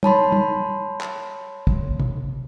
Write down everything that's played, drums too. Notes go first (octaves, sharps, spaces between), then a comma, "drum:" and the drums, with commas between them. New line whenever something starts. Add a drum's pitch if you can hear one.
C#5 A5 B5 C6, drum: tom
drum: tom
drum: clap
drum: kick
drum: tom